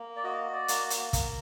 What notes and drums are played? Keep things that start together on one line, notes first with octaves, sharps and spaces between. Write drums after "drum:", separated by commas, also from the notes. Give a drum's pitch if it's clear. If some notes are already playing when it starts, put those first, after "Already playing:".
Already playing: A#3
D5
F#4 D#5
D5
A#3, drum: hi-hat
drum: hi-hat
A#3, drum: kick, hi-hat